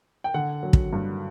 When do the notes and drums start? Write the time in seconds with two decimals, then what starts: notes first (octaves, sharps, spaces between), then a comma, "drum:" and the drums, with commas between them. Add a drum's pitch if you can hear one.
0.24 G5
0.34 D3 F#5
0.63 F#3
0.73 drum: kick
0.93 G2